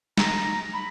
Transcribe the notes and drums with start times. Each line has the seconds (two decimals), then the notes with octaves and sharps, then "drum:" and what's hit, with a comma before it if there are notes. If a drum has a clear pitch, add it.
0.17 A#5, drum: snare
0.73 B5